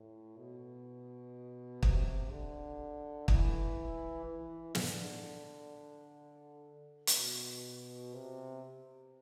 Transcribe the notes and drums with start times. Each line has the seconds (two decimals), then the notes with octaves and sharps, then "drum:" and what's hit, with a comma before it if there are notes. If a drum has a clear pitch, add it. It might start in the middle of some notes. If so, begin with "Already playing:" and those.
Already playing: A2
0.37 B2
1.83 C3, drum: kick
2.31 D3
3.28 E3, drum: kick
4.25 E3
4.75 D3, drum: snare
7.07 drum: hi-hat
7.17 B2
8.14 C3